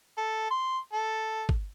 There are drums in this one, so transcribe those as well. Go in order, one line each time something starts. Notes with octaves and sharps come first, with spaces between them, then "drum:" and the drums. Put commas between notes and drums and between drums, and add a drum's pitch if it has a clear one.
A4
C6
A4
drum: kick